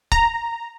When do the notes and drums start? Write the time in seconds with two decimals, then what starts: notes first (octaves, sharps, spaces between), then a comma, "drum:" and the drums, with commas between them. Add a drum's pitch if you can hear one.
0.12 A#5, drum: kick